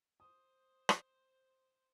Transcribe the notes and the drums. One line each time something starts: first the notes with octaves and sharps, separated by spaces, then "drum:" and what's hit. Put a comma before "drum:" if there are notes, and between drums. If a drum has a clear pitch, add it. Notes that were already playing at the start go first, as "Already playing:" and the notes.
C5 D#6
drum: rim click